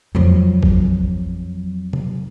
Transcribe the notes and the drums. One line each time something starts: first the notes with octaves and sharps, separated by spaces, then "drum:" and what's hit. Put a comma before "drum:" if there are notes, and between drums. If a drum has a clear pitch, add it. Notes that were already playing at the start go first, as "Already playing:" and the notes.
F2 F#3
drum: kick
drum: tom C3